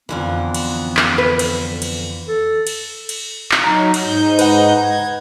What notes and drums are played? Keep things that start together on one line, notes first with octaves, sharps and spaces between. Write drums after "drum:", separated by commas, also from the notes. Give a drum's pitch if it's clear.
F2 D3 E3 B3
drum: cymbal
drum: clap
B4
drum: cymbal
drum: cymbal
A4
drum: cymbal
drum: cymbal
drum: clap
F#3 D#4 A#5
drum: cymbal
G#2 D#4 G6
B4 F#5, drum: cymbal
G#6